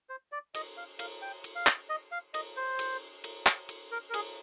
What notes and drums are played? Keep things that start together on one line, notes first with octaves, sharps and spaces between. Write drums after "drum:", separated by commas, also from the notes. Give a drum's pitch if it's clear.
C5
D5
D#5, drum: cymbal
F5
F5, drum: cymbal
G5
drum: cymbal
F5
drum: clap
D#5
F5
D#5, drum: cymbal
C5
drum: cymbal
drum: cymbal
drum: clap
drum: cymbal
A#4
A#4
G#4, drum: cymbal